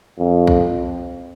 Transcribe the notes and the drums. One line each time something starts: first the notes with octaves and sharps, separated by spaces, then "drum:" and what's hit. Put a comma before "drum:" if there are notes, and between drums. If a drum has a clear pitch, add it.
F2
drum: kick B1